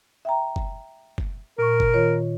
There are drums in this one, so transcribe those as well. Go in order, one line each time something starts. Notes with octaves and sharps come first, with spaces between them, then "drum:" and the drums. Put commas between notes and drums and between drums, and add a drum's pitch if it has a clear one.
E5 G5 A#5
drum: kick
drum: kick
A#2 A#4 C#6
drum: kick
D#3 F4 C#5